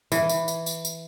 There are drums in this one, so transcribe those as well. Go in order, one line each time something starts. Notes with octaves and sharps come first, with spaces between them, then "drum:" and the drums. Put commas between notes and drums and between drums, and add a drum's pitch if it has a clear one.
E3, drum: tambourine
drum: tambourine
drum: tambourine
drum: tambourine
drum: tambourine